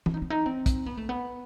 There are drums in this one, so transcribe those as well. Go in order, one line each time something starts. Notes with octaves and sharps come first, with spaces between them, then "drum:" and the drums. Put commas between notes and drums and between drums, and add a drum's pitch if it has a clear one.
E4, drum: tom E3
D#4
C4
D#4
C4
drum: kick, hi-hat
B3
A3
B3